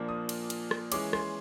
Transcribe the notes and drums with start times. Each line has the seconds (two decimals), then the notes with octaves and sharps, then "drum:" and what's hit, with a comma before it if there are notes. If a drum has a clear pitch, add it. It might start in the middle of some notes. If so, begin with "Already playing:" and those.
Already playing: A#2 F3 A#3 D4
0.09 D#6
0.29 drum: cymbal
0.50 drum: cymbal
0.71 drum: rim click
0.92 E3 G#3 C#4 D6, drum: cymbal
1.13 C6, drum: rim click